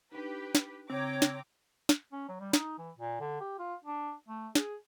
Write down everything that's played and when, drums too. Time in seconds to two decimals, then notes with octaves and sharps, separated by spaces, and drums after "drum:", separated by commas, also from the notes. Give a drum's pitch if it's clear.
0.12 D4 D#4 G4 B4
0.55 drum: snare
0.90 C#3 C4 C#5 G5 A#5 D6 A#6
1.22 drum: snare
1.89 drum: snare
2.12 C#4
2.29 F#3
2.40 G3
2.53 D#4, drum: snare
2.78 E3
2.98 A#2
3.21 D3
3.40 G4
3.59 F4
3.85 D4
4.29 A3
4.55 G#4, drum: snare